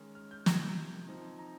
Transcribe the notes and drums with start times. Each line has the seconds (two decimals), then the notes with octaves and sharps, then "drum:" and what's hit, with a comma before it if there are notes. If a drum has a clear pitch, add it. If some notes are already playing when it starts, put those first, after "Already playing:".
Already playing: D#3 G#3 C#4
0.15 F6
0.31 G6
0.46 C3 F3 A#3 G#6, drum: snare
0.62 G6
1.07 F3 C4 D#4
1.39 A#5